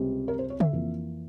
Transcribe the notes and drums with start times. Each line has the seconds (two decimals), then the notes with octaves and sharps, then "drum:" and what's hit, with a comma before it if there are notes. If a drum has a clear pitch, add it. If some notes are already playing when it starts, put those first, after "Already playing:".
Already playing: C#2 C3 G3 C4
0.28 A#4
0.39 C5
0.50 C#5
0.60 E5, drum: tom C#3
0.72 F2 E3 A#3